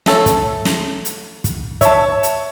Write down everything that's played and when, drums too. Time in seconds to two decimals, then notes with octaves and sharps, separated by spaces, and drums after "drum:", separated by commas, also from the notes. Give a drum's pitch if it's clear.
0.06 A3 A4 C#5, drum: snare
0.26 drum: kick, hi-hat
0.65 drum: snare
1.05 drum: hi-hat
1.44 drum: kick, hi-hat
1.81 C#5 E5 A5, drum: kick, hi-hat
2.23 drum: hi-hat